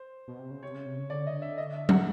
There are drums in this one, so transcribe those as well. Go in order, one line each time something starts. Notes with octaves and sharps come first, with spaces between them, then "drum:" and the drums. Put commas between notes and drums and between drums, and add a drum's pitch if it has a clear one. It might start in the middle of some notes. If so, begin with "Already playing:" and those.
Already playing: C5
B2
C3
C#3
C3 C#5
C#3
C3
C#3
D3 D5
D#5
E5
D#5
E5
F#5, drum: tom F#3